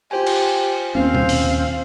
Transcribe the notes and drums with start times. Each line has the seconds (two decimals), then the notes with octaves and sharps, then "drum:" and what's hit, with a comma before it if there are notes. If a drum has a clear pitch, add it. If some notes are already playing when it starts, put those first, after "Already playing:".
0.11 F4 G4 C5 G#5
0.27 drum: cymbal
0.95 D#2 A#3 C4 C#4 F5
1.15 drum: tom
1.29 drum: open hi-hat